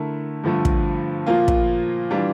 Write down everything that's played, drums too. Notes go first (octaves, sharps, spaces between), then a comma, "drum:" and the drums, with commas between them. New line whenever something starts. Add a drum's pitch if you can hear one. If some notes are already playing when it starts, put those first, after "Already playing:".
Already playing: D3 A3 E4 A#4
G2 D3 F3 A3
drum: kick
A#2 F3 A#3 F4
drum: kick
E3 G3 D4 F4